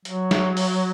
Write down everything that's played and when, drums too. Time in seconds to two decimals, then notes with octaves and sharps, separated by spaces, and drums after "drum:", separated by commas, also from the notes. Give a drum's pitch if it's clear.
0.05 F#3, drum: hi-hat
0.31 drum: snare
0.57 drum: open hi-hat